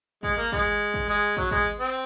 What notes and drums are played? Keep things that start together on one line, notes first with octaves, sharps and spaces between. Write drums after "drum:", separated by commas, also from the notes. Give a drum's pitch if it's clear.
G#3, drum: kick
A#3
G#3, drum: kick
drum: kick
G#3
F#3, drum: kick
G#3, drum: kick
C4